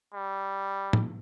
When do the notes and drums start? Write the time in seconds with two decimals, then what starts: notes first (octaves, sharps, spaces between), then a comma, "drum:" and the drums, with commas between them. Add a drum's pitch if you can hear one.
0.15 G3
0.93 drum: tom